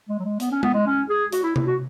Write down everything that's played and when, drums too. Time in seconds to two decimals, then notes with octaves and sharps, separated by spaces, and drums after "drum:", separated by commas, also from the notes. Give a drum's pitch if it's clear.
0.09 G#3
0.19 F#3
0.25 G#3
0.40 B3, drum: hi-hat
0.51 C#4
0.63 B3, drum: tom G#3
0.74 G#3
0.86 C#4
1.09 G#4
1.32 F#4, drum: hi-hat
1.43 E4
1.56 E4, drum: tom C3
1.67 F#4